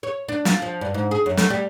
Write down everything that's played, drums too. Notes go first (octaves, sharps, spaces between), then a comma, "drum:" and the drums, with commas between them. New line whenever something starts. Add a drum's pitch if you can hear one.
C#5
D4
F4, drum: snare
F3
G2
G#2
G#4
F#2
A3, drum: snare
G3